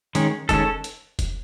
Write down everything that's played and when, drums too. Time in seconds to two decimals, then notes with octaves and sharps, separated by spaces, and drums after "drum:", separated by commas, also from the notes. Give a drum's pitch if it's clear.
0.15 D#3 G#3 C#4, drum: hi-hat
0.49 D#3 G#3 C#4 A4, drum: kick F1, hi-hat
0.84 drum: hi-hat
1.19 drum: kick F1, hi-hat